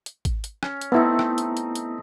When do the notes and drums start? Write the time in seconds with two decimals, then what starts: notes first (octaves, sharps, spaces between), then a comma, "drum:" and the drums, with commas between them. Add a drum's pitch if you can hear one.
0.06 drum: hi-hat
0.25 drum: kick G#1, hi-hat
0.44 drum: hi-hat
0.63 C#4, drum: rim click
0.81 drum: hi-hat
0.92 A3 B3 C4 D#4 E4
1.19 drum: rim click
1.38 drum: hi-hat
1.57 drum: hi-hat
1.75 drum: hi-hat